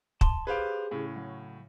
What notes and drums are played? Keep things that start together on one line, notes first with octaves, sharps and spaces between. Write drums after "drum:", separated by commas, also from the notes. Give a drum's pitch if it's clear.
A5 C6, drum: kick
G4 G#4 B4 C5 F5
A2 C#3
F#3